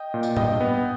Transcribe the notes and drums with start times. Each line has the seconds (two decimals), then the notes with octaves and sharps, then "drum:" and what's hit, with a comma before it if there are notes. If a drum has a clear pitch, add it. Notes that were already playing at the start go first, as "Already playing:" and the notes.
Already playing: D#5 G5
0.14 A#2
0.23 drum: tambourine
0.37 G2 D#5 G5, drum: tom
0.60 B3